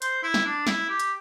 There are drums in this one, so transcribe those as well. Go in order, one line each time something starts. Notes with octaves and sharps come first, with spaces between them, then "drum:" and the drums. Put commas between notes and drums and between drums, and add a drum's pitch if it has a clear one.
C5, drum: hi-hat
E4
drum: snare
D4
E4, drum: snare
G4
drum: hi-hat